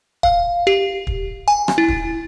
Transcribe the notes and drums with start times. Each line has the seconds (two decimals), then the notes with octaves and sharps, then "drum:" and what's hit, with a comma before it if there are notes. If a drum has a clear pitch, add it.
0.23 F5, drum: kick
0.67 G4
1.07 drum: kick
1.48 G#5
1.68 drum: rim click
1.78 E4
1.88 drum: kick